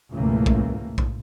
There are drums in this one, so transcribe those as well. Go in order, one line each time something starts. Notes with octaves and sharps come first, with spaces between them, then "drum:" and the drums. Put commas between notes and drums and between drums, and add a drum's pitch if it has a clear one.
C#2 G#2 B2 E3 A3 A#3
drum: kick A#1
drum: kick A#1